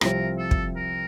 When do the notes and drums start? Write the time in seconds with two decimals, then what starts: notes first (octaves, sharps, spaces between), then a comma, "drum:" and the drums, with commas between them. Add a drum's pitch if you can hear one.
0.01 C2 C3 F3 C4 A#4, drum: rim click
0.38 A4
0.51 drum: kick
0.76 A#4